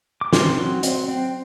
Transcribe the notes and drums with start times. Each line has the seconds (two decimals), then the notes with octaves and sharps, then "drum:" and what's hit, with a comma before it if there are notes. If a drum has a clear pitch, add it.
0.21 D6
0.33 C4 C6, drum: snare
0.58 F#3
0.83 C4, drum: hi-hat
1.08 C4